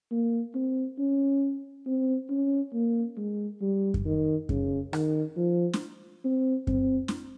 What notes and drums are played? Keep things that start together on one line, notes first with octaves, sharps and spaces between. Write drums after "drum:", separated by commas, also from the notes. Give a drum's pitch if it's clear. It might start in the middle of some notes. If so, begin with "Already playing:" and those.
A#3
C4
C#4
C4
C#4
A#3
G#3
G3
drum: kick F#2
D#3
C#3, drum: kick F#2
D#3, drum: rim click
F3
drum: snare
C4
C4, drum: kick F#2
drum: snare